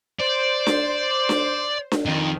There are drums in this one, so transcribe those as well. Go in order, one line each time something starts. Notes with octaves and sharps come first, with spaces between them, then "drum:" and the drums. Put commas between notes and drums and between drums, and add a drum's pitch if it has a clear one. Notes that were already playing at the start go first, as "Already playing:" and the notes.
C5 D5
drum: snare D4
drum: snare D4
drum: snare D4
F2 D#3